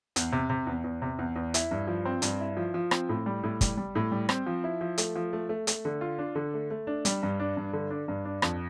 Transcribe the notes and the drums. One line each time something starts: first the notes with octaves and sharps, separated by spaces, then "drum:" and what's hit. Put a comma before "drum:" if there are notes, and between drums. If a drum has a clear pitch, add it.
E2, drum: hi-hat
C3
C3
E2
E2
C3
E2
E2
E4, drum: hi-hat
G2
F3
C4
G2, drum: hi-hat
E4
F3
F3
C4, drum: rim click
A2
G3
A2
G3, drum: kick, hi-hat
G3
A2
G3
C4, drum: rim click
F3
E4
F3
A3, drum: hi-hat
F3
A3
A3
A3, drum: hi-hat
D3
F4
D4
D3
A3
A3
D4
G3, drum: hi-hat
G2
D4
G2
D3
D4
G2
D4
F2, drum: rim click